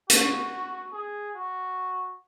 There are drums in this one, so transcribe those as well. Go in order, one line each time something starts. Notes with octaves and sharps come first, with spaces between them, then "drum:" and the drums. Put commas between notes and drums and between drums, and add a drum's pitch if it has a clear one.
F#4, drum: hi-hat
G#4
F#4